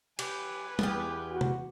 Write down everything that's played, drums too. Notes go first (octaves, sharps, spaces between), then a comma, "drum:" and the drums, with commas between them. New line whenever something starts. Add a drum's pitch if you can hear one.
G4 B4 G#5, drum: cymbal
E2 B3 F4 G4, drum: tom
F#4
drum: tom